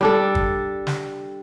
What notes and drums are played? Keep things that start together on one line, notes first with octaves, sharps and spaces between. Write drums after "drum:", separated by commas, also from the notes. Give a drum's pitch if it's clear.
G3 D4 A4
drum: kick G1
drum: snare